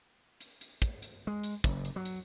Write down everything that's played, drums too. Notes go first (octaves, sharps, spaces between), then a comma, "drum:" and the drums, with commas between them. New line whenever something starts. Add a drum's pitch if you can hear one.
drum: hi-hat
drum: hi-hat
drum: kick, hi-hat
drum: hi-hat
G#3
drum: hi-hat
F#1, drum: kick, hi-hat
drum: hi-hat
F#3
drum: hi-hat